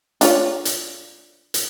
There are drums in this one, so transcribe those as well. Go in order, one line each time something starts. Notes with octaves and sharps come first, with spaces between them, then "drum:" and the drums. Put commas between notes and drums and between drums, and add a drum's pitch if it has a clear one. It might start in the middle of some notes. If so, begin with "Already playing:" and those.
D4 F4 C#5, drum: hi-hat
drum: hi-hat
drum: hi-hat